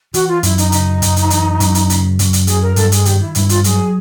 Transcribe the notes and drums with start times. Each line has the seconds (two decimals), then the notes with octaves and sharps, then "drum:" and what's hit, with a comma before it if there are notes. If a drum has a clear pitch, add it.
0.14 E3 F#4, drum: hi-hat
0.28 F4
0.43 F#2 E4, drum: hi-hat
0.58 D#4, drum: hi-hat
0.72 C#3 D#4, drum: hi-hat
1.02 F#2, drum: hi-hat
1.16 drum: hi-hat
1.30 E3, drum: hi-hat
1.60 F#2, drum: hi-hat
1.75 drum: hi-hat
1.90 C#3, drum: hi-hat
2.19 F#2, drum: hi-hat
2.33 drum: hi-hat
2.47 F#3 G#4, drum: hi-hat
2.62 A#4
2.76 G2 A4, drum: hi-hat
2.92 G#4, drum: hi-hat
3.05 D#3 G4, drum: hi-hat
3.21 E4
3.35 G2 E4, drum: hi-hat
3.49 F4, drum: hi-hat
3.64 F#3 G#4, drum: hi-hat